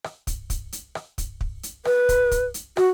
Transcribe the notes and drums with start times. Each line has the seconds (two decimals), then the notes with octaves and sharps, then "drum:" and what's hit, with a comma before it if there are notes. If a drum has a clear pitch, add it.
0.04 drum: rim click
0.27 drum: kick, hi-hat
0.50 drum: kick, hi-hat
0.72 drum: hi-hat
0.95 drum: rim click
1.18 drum: kick, hi-hat
1.41 drum: kick
1.63 drum: hi-hat
1.85 B4, drum: rim click
2.09 drum: kick, hi-hat
2.31 drum: kick, hi-hat
2.54 drum: hi-hat
2.77 F#4, drum: rim click